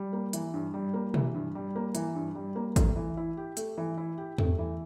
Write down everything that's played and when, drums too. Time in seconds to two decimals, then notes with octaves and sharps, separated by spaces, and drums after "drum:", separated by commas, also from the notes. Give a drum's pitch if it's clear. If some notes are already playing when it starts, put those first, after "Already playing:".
Already playing: G3
0.13 A#3
0.33 E3, drum: hi-hat
0.54 G2
0.74 G3
0.94 A#3
1.14 E3, drum: tom B2
1.34 G2
1.55 G3
1.76 A#3
1.95 E3, drum: hi-hat
2.15 G2
2.35 G3
2.56 A#3
2.76 A3, drum: kick G#1, hi-hat
2.96 E3
3.17 E4
3.37 G4
3.57 A3, drum: hi-hat
3.78 E3
3.98 E4
4.18 G4
4.38 A3, drum: tom E2
4.59 E3